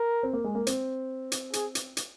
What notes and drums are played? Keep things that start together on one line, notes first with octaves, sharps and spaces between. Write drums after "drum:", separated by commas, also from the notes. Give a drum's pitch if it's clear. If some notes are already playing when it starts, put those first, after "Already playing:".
Already playing: A#4
C4
A#3
G#3
A#3
C4, drum: hi-hat
drum: hi-hat
G#4, drum: hi-hat
drum: hi-hat
drum: hi-hat